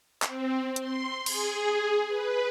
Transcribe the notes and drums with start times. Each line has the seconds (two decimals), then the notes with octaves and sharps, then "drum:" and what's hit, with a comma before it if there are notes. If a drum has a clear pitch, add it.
0.22 C4, drum: clap
0.76 C6, drum: hi-hat
1.26 G#4, drum: cymbal
2.08 B4